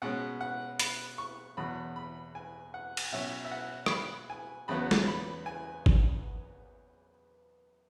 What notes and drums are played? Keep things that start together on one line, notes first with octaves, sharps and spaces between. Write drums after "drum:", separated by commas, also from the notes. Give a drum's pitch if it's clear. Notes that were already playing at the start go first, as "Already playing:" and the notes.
B2 G#3 C#4 F#5
F#5
B5, drum: hi-hat
C#6
E2 B2 F#3 B5
B5
G#5
F#5
drum: cymbal
B2 F#3 C#4 E5
E5
F#5
C#6, drum: rim click
B5
G#5
E2 C#3 F#3 B3 B5
drum: snare
B5
G#5
drum: kick G#1